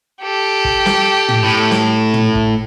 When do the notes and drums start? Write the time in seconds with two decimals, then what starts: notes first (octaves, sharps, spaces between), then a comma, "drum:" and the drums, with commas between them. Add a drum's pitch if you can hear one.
0.22 G4 A4
0.65 drum: kick
0.86 drum: snare
1.29 drum: tom
1.44 A2
1.71 drum: snare
2.14 drum: tom
2.35 drum: kick